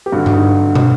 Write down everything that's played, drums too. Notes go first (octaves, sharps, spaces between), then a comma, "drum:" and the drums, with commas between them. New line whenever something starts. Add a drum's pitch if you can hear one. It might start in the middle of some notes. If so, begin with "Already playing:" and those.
G4
G2 D3 F#4
F#4, drum: tom G2
D#4
drum: tom